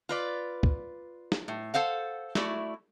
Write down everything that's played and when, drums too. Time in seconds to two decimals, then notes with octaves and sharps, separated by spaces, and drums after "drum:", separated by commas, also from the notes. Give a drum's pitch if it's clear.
0.09 F4 B4 D5
0.63 drum: kick
1.32 drum: snare
1.48 A2
1.74 A4 C5 F5 F#5
2.35 A3 E4 F#4 D5, drum: snare